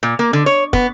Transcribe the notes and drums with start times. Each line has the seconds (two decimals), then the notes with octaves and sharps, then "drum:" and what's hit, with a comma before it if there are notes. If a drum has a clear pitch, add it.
0.03 A#2
0.19 A#3
0.33 D3
0.46 C#5
0.73 B3, drum: kick